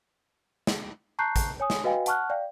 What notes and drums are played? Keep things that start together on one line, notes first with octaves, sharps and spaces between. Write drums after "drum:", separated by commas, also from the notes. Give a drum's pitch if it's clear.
drum: snare
A5 A#5 C#6 F#6 G6 C7
drum: kick A1, hi-hat
C#5 G#5 D#6
drum: snare
F#4 B4 D#5 F5 G5 G#5
F#5 A5 C#6 F6 F#6, drum: hi-hat
D5 F5 G5